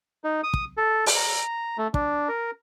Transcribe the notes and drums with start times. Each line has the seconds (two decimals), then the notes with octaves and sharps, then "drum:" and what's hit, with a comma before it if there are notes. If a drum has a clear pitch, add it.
0.24 D#4
0.43 D#6
0.54 drum: kick
0.77 A4
1.06 drum: open hi-hat
1.16 A#5
1.78 A3
1.94 D4, drum: kick
2.28 A#4